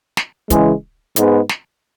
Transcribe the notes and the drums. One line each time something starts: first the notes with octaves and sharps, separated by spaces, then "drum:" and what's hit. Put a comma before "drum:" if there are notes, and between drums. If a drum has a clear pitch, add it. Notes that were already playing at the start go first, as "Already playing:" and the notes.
drum: snare
C#3 E3 G#3, drum: kick, hi-hat
G#2 G#3 B3, drum: hi-hat
drum: snare